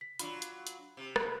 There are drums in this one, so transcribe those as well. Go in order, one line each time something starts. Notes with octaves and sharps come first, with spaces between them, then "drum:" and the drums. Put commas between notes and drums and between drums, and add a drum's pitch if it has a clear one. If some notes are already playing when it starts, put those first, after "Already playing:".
B6
F#3 D4 F4 B5, drum: hi-hat
drum: hi-hat
drum: hi-hat
C3
B5 F#6, drum: rim click